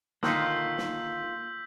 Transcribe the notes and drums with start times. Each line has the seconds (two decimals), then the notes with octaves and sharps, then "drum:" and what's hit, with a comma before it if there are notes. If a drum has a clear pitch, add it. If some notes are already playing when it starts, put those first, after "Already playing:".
0.23 D3 D#3 A#3 D#4 F4 E6 G6 B6, drum: snare
0.78 drum: snare